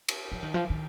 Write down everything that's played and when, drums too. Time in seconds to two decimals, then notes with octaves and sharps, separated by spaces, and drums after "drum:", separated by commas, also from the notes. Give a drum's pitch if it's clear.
0.09 drum: cymbal
0.32 F3
0.43 D#3
0.54 F3
0.70 D#3